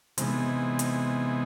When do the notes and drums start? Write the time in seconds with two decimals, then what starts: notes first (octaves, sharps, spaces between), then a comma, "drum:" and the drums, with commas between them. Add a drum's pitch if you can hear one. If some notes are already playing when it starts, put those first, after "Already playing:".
0.18 C3 E3 G#3 B3 D#4, drum: hi-hat
0.79 drum: hi-hat